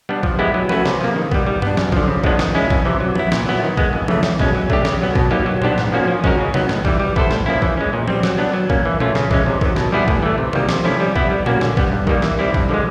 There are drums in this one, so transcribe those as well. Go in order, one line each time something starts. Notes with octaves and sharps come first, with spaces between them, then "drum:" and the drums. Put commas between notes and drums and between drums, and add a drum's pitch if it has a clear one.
G3 B3 D4
F3, drum: kick
G#3 B3 E4 G4
F#3
A3 C#4 F#4 B4, drum: tom F3
C3, drum: snare
F3 A#3
D#3
G3 B3, drum: kick
G3
B3 D4, drum: tom G2
F#2, drum: snare
D3 F3, drum: kick
C#3
F3 G#3 B3 D4, drum: kick
D#3, drum: snare
G#3 C#4 E4
F2, drum: kick
C3 E3
F#3
B3 E4, drum: tom F3
A#2, drum: snare
F#3 B3 E4
D#3
G#3 B3, drum: kick
F2
C#3 E3 A3, drum: tom F3
E2, drum: snare
B2 G#3 C#4, drum: kick
F#3
A3 D4 G4, drum: kick
C#3, drum: snare
F#3 B3
B2, drum: kick
F#3 A#3 D#4 G4
F#3
B3 D4 G4 C5, drum: tom A#2
G#2, drum: snare
F3 A#3 C#4 F#4
F3
G#3 C#4 F#4 A#4, drum: kick
C#3
F#3 B3 D#4, drum: tom C3
A2, drum: snare
E3 G3, drum: kick
G3
B3 E4 A4 C5, drum: kick
A2, drum: snare
F3 A#3 C#4 E4
E3, drum: kick
G#3 C#4
A#2
G3 C4, drum: tom F3
F#3, drum: snare
B3 D4
F#3
A#3 C#4, drum: kick
E3
A3 C#4 F4, drum: tom A#2
C#3, drum: snare
E3 G#3 C#4, drum: kick
C3
D#3 F#3, drum: kick
B2, drum: snare
G3 B3 E4 G#4
A2, drum: kick
E3 A3
C3
D#3 G3 A#3, drum: tom C3
C3, drum: snare
F3 A3 C#4 E4
G3
B3 E4, drum: kick
G3
A#3 C#4 F#4, drum: tom A#2
D3, drum: snare
G3 B3, drum: kick
G2
D#3 G3 A#3, drum: kick
E3, drum: snare
G3 C4 E4
G2, drum: kick
D3 F3 G#3